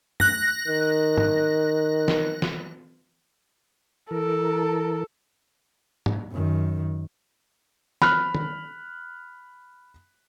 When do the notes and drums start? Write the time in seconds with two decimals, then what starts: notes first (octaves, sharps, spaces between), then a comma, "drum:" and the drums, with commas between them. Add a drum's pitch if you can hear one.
0.20 F#6 A#6, drum: tom
0.68 D#3
1.17 drum: tom
2.08 drum: snare
2.42 drum: snare
4.11 E3 A4 A#4
6.06 drum: tom
6.31 F#2 D#3
8.02 B5 F6 F#6, drum: snare
8.35 drum: tom